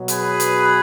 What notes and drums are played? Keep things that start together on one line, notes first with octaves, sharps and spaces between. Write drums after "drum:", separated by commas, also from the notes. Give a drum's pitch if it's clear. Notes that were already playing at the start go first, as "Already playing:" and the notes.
Already playing: B2 F#3
G#4 B4, drum: hi-hat
drum: hi-hat